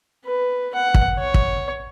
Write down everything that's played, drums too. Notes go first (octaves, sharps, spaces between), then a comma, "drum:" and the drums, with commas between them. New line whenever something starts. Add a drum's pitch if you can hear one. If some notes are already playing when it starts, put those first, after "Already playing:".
B4
F#5
drum: kick
C#5
drum: kick